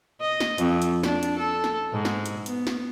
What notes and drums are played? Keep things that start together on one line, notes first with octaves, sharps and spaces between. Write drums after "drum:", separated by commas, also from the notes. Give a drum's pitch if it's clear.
D#5
drum: snare
F2, drum: hi-hat
drum: hi-hat
D4, drum: snare
drum: hi-hat
A4
drum: snare
G#2
drum: snare
drum: hi-hat
B3, drum: hi-hat
drum: snare